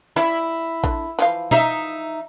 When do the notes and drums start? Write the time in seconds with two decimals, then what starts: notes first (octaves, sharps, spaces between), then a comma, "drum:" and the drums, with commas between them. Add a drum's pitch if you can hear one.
0.16 G3 E4 D5
0.84 D3, drum: kick A1
1.19 E3 F3 F5
1.51 D#4 E5, drum: tom B2